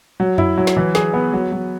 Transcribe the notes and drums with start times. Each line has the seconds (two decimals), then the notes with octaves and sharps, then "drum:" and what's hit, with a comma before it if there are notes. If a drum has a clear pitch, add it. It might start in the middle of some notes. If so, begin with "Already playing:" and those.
0.20 F#3
0.38 E4, drum: tom F2
0.58 F#3
0.67 drum: snare
0.77 E3
0.95 G#4, drum: snare
1.13 B3
1.33 F#3
1.52 F#3